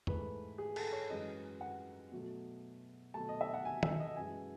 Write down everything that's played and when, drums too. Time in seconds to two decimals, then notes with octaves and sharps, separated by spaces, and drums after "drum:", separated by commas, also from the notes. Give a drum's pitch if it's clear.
0.07 G#2 E3 A3 B4, drum: tom E2
0.58 G#4
0.76 A4, drum: cymbal
0.93 C#5
1.10 F#2 E3 G#3 D#5
1.61 F#5
2.11 B2 F#3 A3
3.14 B2 F#3 A3 A5
3.29 D#5
3.41 E5
3.54 F#5
3.65 G#5
3.83 E5, drum: tom
4.00 D#5
4.16 F#2 E3 G#3 G#5